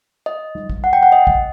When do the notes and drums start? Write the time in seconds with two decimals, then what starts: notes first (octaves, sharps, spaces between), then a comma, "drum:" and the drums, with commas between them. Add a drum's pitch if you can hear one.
0.26 D#5
0.55 drum: tom G3
0.69 drum: kick A1
0.84 F#5
0.93 G5
1.03 F#5
1.12 D#5
1.27 drum: kick A1